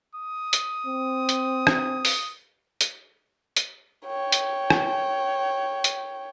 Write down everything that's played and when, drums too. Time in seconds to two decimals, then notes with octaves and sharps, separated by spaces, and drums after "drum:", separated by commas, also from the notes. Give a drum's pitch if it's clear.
0.15 D#6
0.53 drum: hi-hat
0.86 C4
1.29 drum: hi-hat
1.67 drum: rim click
2.05 drum: open hi-hat
2.81 drum: hi-hat
3.57 drum: hi-hat
4.07 C#5 G5
4.32 drum: hi-hat
4.70 drum: rim click
5.84 drum: hi-hat